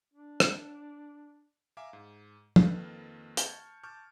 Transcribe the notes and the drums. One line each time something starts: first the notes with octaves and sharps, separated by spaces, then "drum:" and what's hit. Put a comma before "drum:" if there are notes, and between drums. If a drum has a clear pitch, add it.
D4
drum: rim click
E5 F5 G#5 A#5 D6
G#2
F2 D#3 A#3 A4 B4 F6, drum: tom
A5 C#6 F6 G6 G#6 C#7, drum: hi-hat
A5 C#6 D6 F6 G6